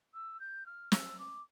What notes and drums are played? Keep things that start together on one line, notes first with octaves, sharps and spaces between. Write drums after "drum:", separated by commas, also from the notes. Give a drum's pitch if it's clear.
E6
G6
F6
E6, drum: snare
D6